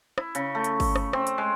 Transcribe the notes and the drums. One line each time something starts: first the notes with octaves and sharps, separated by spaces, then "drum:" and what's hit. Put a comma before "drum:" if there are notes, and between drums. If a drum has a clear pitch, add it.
E4, drum: rim click
C#3, drum: hi-hat
A3
drum: hi-hat
drum: kick G1, open hi-hat
drum: rim click
C4, drum: rim click
drum: hi-hat
G#3